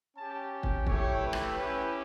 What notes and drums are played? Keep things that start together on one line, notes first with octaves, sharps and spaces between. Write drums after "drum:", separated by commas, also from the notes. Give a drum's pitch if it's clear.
C#4 G4 A5
drum: kick
A3 E4 G4 C#5, drum: kick
B4
drum: rim click
C#4 E4 G4 B4